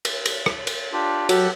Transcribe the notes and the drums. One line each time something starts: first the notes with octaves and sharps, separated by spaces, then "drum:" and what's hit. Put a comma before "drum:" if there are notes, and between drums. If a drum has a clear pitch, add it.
drum: cymbal
drum: cymbal
drum: rim click
drum: cymbal
D4 F4 G4
F#3 G4 A4 F#5, drum: cymbal